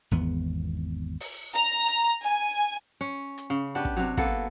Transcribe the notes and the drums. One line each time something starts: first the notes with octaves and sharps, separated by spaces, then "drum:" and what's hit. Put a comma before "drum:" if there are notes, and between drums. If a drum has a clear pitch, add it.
G#1 E2 B3
drum: open hi-hat
A#5
drum: hi-hat
G#5
C#4
drum: hi-hat
C#3
B3 D4 G4
drum: kick
C3 F#3
A#3 B3 A4, drum: kick